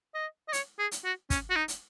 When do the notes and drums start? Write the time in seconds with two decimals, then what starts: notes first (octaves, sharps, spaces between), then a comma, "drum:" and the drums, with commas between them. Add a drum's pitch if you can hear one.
0.15 D#5
0.48 D#5
0.53 C#5, drum: hi-hat
0.79 G#4
0.91 drum: hi-hat
1.05 F#4
1.30 C#4, drum: kick, hi-hat
1.50 F#4
1.56 D#4
1.68 drum: hi-hat